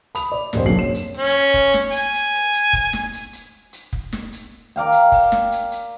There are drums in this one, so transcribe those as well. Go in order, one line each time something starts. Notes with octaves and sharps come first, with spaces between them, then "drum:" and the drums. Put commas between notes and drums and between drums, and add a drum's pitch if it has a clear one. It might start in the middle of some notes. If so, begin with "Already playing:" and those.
B5 D#6 F7, drum: hi-hat
D5
D#2 G#2 G#3 C4 C5, drum: snare
F#1 B1 A#3 D4 C7 F#7
C#5 E7
drum: hi-hat
C#4, drum: open hi-hat
drum: hi-hat
drum: kick F1, open hi-hat
drum: snare
G#5, drum: hi-hat
drum: hi-hat
drum: open hi-hat
drum: hi-hat
drum: kick F1, open hi-hat
drum: snare
drum: hi-hat
drum: hi-hat
drum: hi-hat
drum: kick F1
drum: snare
drum: hi-hat
A#4 D5 F5 G5
drum: hi-hat
drum: kick F1, open hi-hat
drum: snare
drum: hi-hat
drum: hi-hat